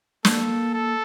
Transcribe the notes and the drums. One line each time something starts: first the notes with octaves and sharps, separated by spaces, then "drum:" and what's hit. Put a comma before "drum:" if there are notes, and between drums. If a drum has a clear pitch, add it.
A#3 A4, drum: snare
A4